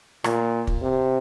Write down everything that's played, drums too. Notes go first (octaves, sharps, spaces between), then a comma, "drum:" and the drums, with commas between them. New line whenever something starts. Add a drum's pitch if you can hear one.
A#2, drum: rim click
drum: kick
C3